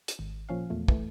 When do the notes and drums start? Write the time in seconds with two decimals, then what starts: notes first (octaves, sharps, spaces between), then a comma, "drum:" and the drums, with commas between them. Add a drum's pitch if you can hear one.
0.08 drum: hi-hat
0.19 G#1
0.49 A#2 F3 C#4 F5
0.70 E2 A#2 A3
0.88 E3 A3, drum: kick